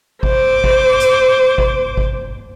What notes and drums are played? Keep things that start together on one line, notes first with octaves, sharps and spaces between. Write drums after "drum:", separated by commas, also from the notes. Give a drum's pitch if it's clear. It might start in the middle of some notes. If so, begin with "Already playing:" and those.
C5 D6, drum: kick
drum: kick
drum: hi-hat
drum: kick
drum: kick